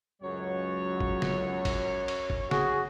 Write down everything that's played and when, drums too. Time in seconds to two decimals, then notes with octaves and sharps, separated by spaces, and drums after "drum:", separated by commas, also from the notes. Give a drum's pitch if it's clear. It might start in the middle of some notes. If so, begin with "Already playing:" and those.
0.22 C#2 F#2 F#3 C#5
1.00 drum: kick
1.22 drum: snare
1.65 drum: kick, cymbal
2.08 drum: cymbal
2.30 drum: kick
2.51 F#4 G#4, drum: snare